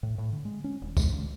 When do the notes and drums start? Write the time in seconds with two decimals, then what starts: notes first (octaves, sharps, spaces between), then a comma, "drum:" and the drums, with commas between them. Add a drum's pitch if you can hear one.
0.03 A2
0.18 A2
0.32 D3
0.45 G#3
0.64 C#4
0.82 D#1
0.97 G#3, drum: kick, tambourine
1.12 D2